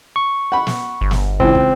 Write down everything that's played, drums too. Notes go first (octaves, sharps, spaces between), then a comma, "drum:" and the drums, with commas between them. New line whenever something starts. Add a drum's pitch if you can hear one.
C#6
F#5 B5
drum: snare
G1
drum: snare
C#2 E3 C4, drum: kick
drum: kick